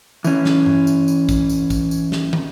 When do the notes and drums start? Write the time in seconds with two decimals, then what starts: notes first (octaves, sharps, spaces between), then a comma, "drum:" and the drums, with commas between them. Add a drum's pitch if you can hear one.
0.24 E3 C#4, drum: tambourine
0.45 drum: snare
0.66 drum: tom G2
0.87 drum: tambourine
1.08 drum: tambourine
1.29 drum: kick, tambourine
1.50 drum: tambourine
1.70 drum: kick, tambourine
1.91 drum: tambourine
2.12 drum: snare
2.33 drum: tom